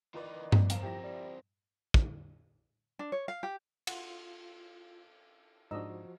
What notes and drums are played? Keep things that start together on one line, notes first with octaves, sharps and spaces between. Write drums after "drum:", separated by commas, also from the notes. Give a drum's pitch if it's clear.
D#3 E3 D#4 F4 B4 D5
B2, drum: tom G2
F#1 C4 A#4 F5 E7, drum: hi-hat
F3 E4 G4 A#6
G3
drum: kick
D4
C#5
F5
G4
F4 F#5, drum: cymbal
G#2 F3 D4 F#4 D#5 A#5 E6